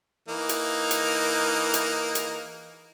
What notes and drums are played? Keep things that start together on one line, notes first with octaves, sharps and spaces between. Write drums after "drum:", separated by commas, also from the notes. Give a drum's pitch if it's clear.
E3 A#3 D#4
drum: hi-hat
drum: hi-hat
drum: hi-hat
drum: hi-hat